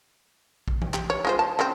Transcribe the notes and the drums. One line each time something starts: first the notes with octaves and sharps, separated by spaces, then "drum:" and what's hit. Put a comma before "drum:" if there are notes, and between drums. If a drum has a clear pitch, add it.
drum: kick A#1
drum: tom E3
G4, drum: clap
C#5
G#3 F4 C5
A5
C#3 F3 C4